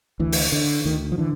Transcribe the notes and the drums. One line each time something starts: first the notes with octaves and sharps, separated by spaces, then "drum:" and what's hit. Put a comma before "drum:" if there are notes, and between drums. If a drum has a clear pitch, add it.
D2 E3
drum: open hi-hat
D3
D2 D#3
F3
D3 E3